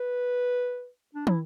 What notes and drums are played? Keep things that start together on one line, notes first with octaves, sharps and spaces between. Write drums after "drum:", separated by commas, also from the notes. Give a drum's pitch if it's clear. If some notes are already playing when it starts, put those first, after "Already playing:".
Already playing: B4
D4
E4, drum: tom